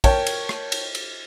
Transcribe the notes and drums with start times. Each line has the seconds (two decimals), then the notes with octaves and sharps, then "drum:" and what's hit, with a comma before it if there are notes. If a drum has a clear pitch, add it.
0.04 A#4 C#5 G5 A5, drum: kick, cymbal
0.27 drum: cymbal
0.49 drum: rim click
0.72 drum: cymbal
0.95 drum: cymbal